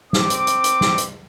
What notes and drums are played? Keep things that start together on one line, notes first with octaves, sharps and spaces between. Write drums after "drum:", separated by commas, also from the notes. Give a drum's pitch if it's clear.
C4 D6, drum: snare
drum: hi-hat
drum: hi-hat
drum: hi-hat
drum: snare
drum: hi-hat